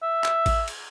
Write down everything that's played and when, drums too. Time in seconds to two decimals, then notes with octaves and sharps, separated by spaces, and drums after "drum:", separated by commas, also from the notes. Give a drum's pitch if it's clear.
0.02 E5
0.24 drum: clap
0.46 drum: kick A1, cymbal
0.68 drum: cymbal